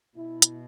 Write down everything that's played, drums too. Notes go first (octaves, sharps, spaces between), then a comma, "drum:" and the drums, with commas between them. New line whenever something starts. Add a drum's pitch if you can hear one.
B2 E4
drum: hi-hat